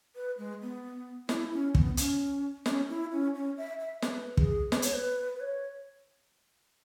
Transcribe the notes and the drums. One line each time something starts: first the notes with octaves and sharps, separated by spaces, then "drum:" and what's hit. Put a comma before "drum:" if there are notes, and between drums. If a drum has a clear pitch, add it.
B4
G#3
B3
E4, drum: snare
C#4
B3, drum: kick
C#4, drum: hi-hat
C#4, drum: snare
E4
C#4
C#4
E5
E5
B4, drum: snare
G#4, drum: kick
B4, drum: snare
C#5, drum: hi-hat
B4
B4
C#5